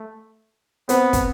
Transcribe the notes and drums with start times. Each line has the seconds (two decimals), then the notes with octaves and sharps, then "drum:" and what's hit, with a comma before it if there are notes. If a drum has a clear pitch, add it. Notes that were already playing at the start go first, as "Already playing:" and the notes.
Already playing: A3
0.89 B3 C4, drum: hi-hat
1.13 drum: kick, hi-hat